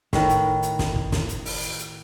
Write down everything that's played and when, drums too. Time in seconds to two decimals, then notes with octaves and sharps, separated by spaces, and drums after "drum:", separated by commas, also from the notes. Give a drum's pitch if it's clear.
0.13 A2 D#3 B4, drum: snare
0.29 drum: hi-hat
0.63 drum: hi-hat
0.79 drum: snare
0.96 drum: kick
1.12 drum: snare
1.29 drum: hi-hat
1.45 drum: open hi-hat
1.62 drum: hi-hat
1.79 drum: hi-hat